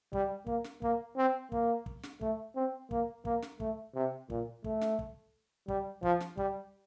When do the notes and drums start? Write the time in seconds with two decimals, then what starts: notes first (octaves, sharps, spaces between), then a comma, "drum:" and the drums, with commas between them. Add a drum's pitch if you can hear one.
0.13 G3, drum: kick
0.46 A#3, drum: kick
0.64 drum: snare
0.82 A#3, drum: kick
1.16 C4
1.52 A#3, drum: kick
1.86 drum: kick
2.03 drum: snare
2.21 A3, drum: kick
2.55 C4
2.91 A#3, drum: kick
3.25 A#3, drum: kick
3.42 drum: snare
3.60 A3, drum: kick
3.95 C3
4.30 A#2, drum: kick
4.64 A3, drum: kick
4.81 drum: snare
4.99 drum: kick
5.68 G3, drum: kick
6.03 F3, drum: kick
6.20 drum: snare
6.37 G3, drum: kick